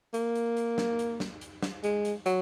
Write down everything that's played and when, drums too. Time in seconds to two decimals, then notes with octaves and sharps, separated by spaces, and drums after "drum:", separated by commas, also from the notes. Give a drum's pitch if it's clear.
0.14 A#3, drum: hi-hat
0.35 drum: hi-hat
0.57 drum: hi-hat
0.78 drum: snare
0.99 drum: hi-hat
1.20 drum: snare
1.41 drum: hi-hat
1.63 drum: snare
1.84 G#3, drum: hi-hat
2.05 drum: hi-hat
2.26 F#3, drum: hi-hat